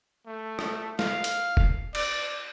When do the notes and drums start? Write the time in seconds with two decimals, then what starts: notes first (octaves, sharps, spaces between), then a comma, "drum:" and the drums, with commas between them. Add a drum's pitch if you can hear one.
0.26 A3
0.59 drum: rim click
0.99 F5, drum: snare
1.24 drum: hi-hat
1.57 drum: kick E1
1.95 D5, drum: cymbal